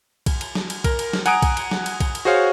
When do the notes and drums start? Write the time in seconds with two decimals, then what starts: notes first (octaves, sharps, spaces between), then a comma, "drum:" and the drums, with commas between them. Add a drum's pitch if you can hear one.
0.26 drum: kick B1, cymbal
0.41 drum: cymbal
0.55 drum: snare
0.70 drum: cymbal
0.84 A#4, drum: kick B1, cymbal
0.99 drum: cymbal
1.13 drum: snare
1.26 F#5 G#5 A#5 D#6 D7, drum: cymbal
1.42 drum: kick B1, cymbal
1.57 drum: cymbal
1.71 drum: snare
1.86 drum: cymbal
2.00 drum: kick B1, cymbal
2.15 drum: cymbal
2.25 F#4 G#4 C5 C#5 F5